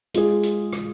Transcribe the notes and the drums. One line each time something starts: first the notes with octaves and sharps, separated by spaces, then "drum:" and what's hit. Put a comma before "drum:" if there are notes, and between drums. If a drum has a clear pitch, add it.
G#3 F4 G#4, drum: hi-hat
drum: hi-hat
drum: rim click